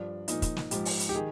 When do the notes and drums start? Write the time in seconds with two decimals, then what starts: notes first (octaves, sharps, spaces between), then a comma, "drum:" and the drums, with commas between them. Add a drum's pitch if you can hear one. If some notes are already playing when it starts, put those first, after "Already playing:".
Already playing: G2 F3 D4
0.28 A#2 F3 D#4, drum: hi-hat
0.42 drum: kick, hi-hat
0.57 drum: snare
0.71 G#2 F3 G4, drum: hi-hat
0.85 drum: open hi-hat
1.00 drum: hi-hat
1.09 G4
1.15 D#3 G#4